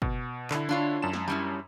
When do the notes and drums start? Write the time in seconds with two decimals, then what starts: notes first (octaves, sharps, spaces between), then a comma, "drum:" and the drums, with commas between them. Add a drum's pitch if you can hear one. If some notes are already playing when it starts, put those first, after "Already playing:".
0.02 B2, drum: kick
0.51 D3 E4, drum: clap
0.69 D4 F4 C#5
1.02 F#2 A5 E7
1.13 drum: snare
1.28 G3 C#4 E4